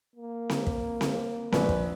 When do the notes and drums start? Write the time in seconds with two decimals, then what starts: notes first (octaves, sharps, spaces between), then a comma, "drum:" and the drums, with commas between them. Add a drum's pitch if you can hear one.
0.15 A#3
0.50 drum: snare C4
0.67 drum: kick
1.01 drum: snare C4
1.52 A#1 B4, drum: snare C4
1.69 drum: kick